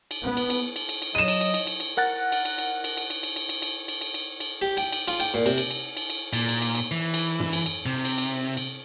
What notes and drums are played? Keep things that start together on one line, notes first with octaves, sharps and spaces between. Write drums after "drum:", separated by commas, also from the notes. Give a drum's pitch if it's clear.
drum: cymbal
B3
drum: cymbal
drum: cymbal
drum: cymbal
drum: cymbal
drum: cymbal
F#3 D#5 D#7 E7
drum: cymbal
drum: cymbal
drum: cymbal
drum: cymbal
drum: cymbal
A#4 F#5 F#6 A6
drum: cymbal
drum: cymbal
drum: cymbal
drum: cymbal
drum: cymbal
drum: cymbal
drum: cymbal
drum: cymbal
drum: cymbal
drum: cymbal
drum: cymbal
drum: cymbal
drum: cymbal
drum: cymbal
G4
G5, drum: cymbal
drum: cymbal
F4, drum: cymbal
G5, drum: cymbal
A#2
C3, drum: cymbal
drum: cymbal
drum: cymbal
drum: cymbal
drum: cymbal
A#2, drum: cymbal
drum: cymbal
drum: cymbal
drum: cymbal
E3
drum: cymbal
drum: tom
drum: cymbal
drum: cymbal
C3
drum: cymbal
drum: cymbal
drum: cymbal